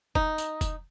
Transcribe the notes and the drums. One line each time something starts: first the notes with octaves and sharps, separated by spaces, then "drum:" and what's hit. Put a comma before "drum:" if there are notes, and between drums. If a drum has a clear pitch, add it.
D#4, drum: kick F1
drum: tambourine
drum: kick F1, tambourine